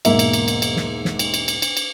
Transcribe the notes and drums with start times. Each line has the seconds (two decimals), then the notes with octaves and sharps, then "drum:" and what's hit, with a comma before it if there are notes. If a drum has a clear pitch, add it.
0.05 E1 G#2 A#3 E5, drum: cymbal
0.19 drum: cymbal
0.33 drum: cymbal
0.48 drum: cymbal
0.62 drum: cymbal
0.76 drum: snare
1.05 drum: snare
1.19 drum: cymbal
1.34 drum: cymbal
1.48 drum: cymbal
1.62 drum: cymbal
1.77 drum: cymbal